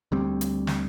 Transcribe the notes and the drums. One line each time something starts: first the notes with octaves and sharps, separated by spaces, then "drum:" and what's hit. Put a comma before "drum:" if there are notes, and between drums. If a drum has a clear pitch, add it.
D2 G3 C4
drum: hi-hat
drum: snare